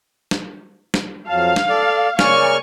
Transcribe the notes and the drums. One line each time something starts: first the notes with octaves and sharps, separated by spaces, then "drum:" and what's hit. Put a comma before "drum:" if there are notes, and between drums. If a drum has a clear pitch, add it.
drum: snare
drum: snare
F2 F#3 F5 A5
drum: snare
A4 D5
C#3 A#3 D5 G#5 C#6 F6, drum: snare